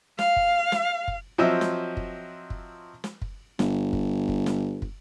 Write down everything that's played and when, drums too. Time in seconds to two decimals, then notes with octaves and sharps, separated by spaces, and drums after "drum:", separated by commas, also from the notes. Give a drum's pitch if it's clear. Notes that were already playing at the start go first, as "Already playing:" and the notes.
0.19 F5, drum: snare
0.36 drum: kick
0.72 drum: snare
1.08 drum: kick
1.38 F3 F#3 C4 D#5 E5 E6
1.61 drum: snare
1.97 drum: kick
2.50 drum: kick
3.04 drum: snare
3.22 drum: kick
3.59 G1, drum: snare
3.93 drum: kick
4.28 drum: kick
4.46 drum: snare
4.82 drum: kick